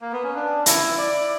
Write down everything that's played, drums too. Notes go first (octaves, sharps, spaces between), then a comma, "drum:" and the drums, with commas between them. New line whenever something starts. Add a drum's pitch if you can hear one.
A#3
B3
C#4
D4
E4, drum: hi-hat
D5